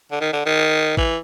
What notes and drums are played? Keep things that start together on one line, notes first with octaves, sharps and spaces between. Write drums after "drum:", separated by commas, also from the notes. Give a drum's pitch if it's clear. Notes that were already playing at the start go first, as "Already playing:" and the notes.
D3
D#3
D3
D#3
E3, drum: kick A1